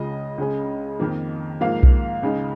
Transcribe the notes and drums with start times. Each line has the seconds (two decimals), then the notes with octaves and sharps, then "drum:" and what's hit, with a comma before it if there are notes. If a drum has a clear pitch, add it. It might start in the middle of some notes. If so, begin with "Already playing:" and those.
Already playing: C#2 C#3 G#3 F4 D#5
0.38 C#2 C#3 G#3 C#4
1.00 F2 D#3 A#3
1.61 G#2 F3 A#3 F5
1.83 drum: kick B1
2.23 C#2 C#3 G#3 D#4